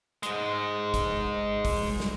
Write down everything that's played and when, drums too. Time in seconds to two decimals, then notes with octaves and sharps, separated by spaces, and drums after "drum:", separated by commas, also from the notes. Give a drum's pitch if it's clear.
0.23 G#2 G#3, drum: hi-hat
0.94 drum: kick G#1, hi-hat
1.65 drum: kick G#1, open hi-hat
2.00 drum: snare